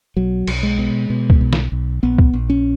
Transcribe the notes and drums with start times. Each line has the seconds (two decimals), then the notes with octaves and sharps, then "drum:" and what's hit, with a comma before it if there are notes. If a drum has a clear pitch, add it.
0.17 B1 F#3
0.47 B1, drum: cymbal
0.63 G#3
0.79 B2
1.10 B2
1.30 drum: kick
1.41 B1
1.53 drum: snare
1.72 B1
2.03 A#1 B3
2.18 drum: kick
2.33 A#1
2.50 C#4